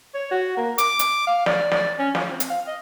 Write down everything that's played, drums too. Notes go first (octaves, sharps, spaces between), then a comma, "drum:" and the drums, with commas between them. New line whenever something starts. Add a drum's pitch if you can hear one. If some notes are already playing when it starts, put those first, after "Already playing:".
C#5
F#4
A#3
D6, drum: hi-hat
drum: hi-hat
F5
D5, drum: snare
D5, drum: snare
C#4
F4, drum: snare
C4
drum: hi-hat
F5
D#5